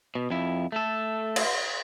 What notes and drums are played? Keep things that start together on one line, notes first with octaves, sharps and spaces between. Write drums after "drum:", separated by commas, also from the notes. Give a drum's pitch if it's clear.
B2
F2 E4
A3 A4
drum: cymbal